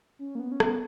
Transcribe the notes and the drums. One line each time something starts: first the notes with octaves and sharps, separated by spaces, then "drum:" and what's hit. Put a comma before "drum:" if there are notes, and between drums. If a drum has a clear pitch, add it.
C#4
A#3
B3
C#4
B3, drum: rim click